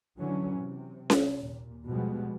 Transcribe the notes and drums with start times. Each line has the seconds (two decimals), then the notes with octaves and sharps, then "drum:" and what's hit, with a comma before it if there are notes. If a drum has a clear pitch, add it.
0.19 D3 E3 F#3 C#4
0.56 C3
1.10 drum: snare C#4
1.37 D#2 A#2
1.88 B2 F3 G3 G#3 B3